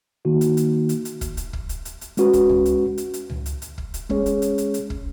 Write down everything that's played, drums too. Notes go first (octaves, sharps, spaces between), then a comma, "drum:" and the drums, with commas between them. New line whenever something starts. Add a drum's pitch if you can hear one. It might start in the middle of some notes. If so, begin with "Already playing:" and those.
D#3 A#3 D#4 F#4
drum: hi-hat
drum: hi-hat
drum: hi-hat
drum: hi-hat
drum: kick, hi-hat
drum: hi-hat
drum: kick
drum: hi-hat
drum: hi-hat
drum: hi-hat
G#3 C#4 F#4 B4, drum: hi-hat
drum: kick, hi-hat
drum: tom C#2
drum: hi-hat
drum: hi-hat
drum: hi-hat
drum: tom C#2
drum: hi-hat
drum: hi-hat
drum: kick
drum: hi-hat
G#3 C#4 G#4 C#5, drum: kick
drum: hi-hat
drum: hi-hat
drum: hi-hat
drum: hi-hat
drum: kick